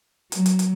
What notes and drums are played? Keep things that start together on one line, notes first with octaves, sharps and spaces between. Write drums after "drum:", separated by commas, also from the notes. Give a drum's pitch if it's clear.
F#3, drum: hi-hat
drum: hi-hat
drum: hi-hat